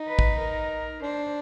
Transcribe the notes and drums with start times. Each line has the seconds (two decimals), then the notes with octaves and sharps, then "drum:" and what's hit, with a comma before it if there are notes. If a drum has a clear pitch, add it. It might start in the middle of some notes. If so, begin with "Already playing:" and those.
Already playing: D#4
0.08 B4
0.19 drum: kick
0.39 A#4
1.02 D4 C5